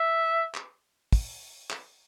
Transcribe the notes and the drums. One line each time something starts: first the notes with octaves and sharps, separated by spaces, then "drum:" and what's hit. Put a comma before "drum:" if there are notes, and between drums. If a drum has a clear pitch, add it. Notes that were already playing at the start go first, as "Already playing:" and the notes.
Already playing: E5
drum: clap
drum: kick, open hi-hat
drum: clap